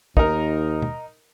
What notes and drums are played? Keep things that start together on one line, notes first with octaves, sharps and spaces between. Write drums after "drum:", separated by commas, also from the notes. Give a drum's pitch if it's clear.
D#2 D#4 A#4, drum: kick
drum: tom